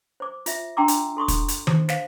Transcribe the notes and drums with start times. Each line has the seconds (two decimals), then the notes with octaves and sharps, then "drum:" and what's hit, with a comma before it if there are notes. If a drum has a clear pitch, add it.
0.20 C5 D6
0.46 F4 E5, drum: hi-hat
0.77 D4 G5 A#5 C6 D6 E6
0.88 drum: hi-hat
1.17 A4 C6 C#6 D#6
1.28 drum: kick, hi-hat
1.48 drum: hi-hat
1.67 C5, drum: tom D#3
1.89 C5 F5, drum: snare